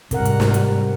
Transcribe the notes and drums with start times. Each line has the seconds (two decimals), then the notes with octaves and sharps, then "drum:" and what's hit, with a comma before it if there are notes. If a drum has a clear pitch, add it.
0.11 G#2 C3 G3 A#4 F#5, drum: kick, hi-hat
0.25 drum: hi-hat
0.40 drum: snare
0.54 drum: hi-hat